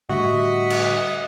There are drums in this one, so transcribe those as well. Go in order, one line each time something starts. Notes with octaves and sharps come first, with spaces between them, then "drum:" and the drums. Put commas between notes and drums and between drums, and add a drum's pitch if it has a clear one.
A2 D3 G3 F#4 D#5 E5 F#5
drum: cymbal